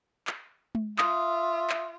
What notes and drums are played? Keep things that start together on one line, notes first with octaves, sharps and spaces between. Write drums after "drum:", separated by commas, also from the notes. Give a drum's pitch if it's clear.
drum: clap
drum: tom G#3
F4 E5 D#6, drum: clap
drum: clap